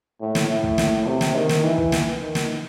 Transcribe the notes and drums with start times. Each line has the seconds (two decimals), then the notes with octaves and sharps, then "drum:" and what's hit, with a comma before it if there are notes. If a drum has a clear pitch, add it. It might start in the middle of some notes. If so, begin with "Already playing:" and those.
0.21 A2
0.35 drum: snare
0.49 A2
0.64 drum: kick
0.78 drum: snare
1.07 C3
1.21 drum: snare
1.35 D#3
1.49 drum: snare
1.63 E3
1.78 drum: kick
1.92 drum: snare
2.21 D#3
2.35 drum: snare